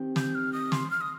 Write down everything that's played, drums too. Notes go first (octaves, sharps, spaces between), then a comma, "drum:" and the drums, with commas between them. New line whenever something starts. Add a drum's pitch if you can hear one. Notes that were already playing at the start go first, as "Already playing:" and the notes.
Already playing: D#3 C4 G4
G6, drum: snare
F6
D#6
C6, drum: snare
F6
D#6